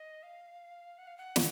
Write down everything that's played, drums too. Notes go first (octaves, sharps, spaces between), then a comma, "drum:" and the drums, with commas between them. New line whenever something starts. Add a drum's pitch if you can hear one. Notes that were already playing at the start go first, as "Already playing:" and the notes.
Already playing: D#5
F5
F#5
F5
F#5
drum: snare